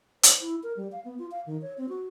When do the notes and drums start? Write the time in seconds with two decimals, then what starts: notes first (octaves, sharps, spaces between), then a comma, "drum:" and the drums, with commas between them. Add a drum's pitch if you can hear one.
0.23 C5, drum: hi-hat
0.40 E4
0.63 A#4
0.77 G3
0.92 F5
1.05 B3
1.19 F4
1.31 F5
1.46 D#3
1.62 C#5
1.78 C4
1.89 F#4